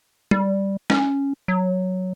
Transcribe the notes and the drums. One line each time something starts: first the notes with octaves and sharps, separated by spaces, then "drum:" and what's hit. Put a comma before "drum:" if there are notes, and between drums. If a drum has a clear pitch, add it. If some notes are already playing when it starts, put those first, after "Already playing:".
G3, drum: tom
C#4, drum: snare
F#3